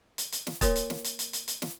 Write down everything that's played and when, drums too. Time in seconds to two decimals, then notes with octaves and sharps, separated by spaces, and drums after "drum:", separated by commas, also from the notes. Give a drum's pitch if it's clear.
0.18 drum: hi-hat
0.32 drum: hi-hat
0.47 drum: snare
0.61 A#3 F#4 A#4 C#5 C6, drum: kick, hi-hat
0.76 drum: hi-hat
0.90 drum: snare
1.04 drum: hi-hat
1.19 drum: hi-hat
1.33 drum: hi-hat
1.48 drum: hi-hat
1.62 drum: snare